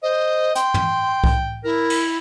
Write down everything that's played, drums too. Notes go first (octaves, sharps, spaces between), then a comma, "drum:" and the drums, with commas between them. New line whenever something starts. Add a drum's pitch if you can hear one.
C5 D#5
G5 C6, drum: hi-hat
drum: tom
drum: kick C2
E4 A#4
drum: cymbal